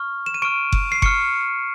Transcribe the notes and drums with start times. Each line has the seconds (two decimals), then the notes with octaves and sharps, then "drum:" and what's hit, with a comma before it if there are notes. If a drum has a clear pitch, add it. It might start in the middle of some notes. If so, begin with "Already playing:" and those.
Already playing: C#6 F6
0.26 E7
0.34 D#7
0.42 C#6 F6 D7
0.72 drum: kick F#1
0.92 C7
1.02 C#6 F6 C#7, drum: kick F#1